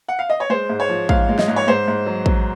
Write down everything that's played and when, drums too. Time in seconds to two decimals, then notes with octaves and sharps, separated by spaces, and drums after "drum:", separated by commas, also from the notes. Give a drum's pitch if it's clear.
0.08 F#5
0.19 F5
0.30 D#5
0.40 C#5
0.50 G#3 C5
0.69 G#2
0.80 C#5
0.89 F3
1.09 G#2 F5, drum: kick A1
1.29 G#3
1.39 D#5, drum: snare
1.48 G#2
1.56 C#5
1.68 G#2 C5
1.88 G#2
2.06 F#3
2.26 F#3, drum: kick A1